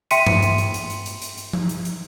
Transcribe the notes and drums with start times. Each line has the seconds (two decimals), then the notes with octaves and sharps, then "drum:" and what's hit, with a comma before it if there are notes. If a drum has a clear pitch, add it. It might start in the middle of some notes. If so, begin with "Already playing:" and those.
0.11 E5 G5 C6 B6 C#7 D#7, drum: hi-hat
0.27 drum: tom G2
0.42 drum: hi-hat
0.58 drum: hi-hat
0.74 drum: hi-hat
0.90 drum: hi-hat
1.06 drum: hi-hat
1.22 drum: hi-hat
1.38 drum: hi-hat
1.53 drum: tom F3
1.69 drum: hi-hat
1.85 drum: hi-hat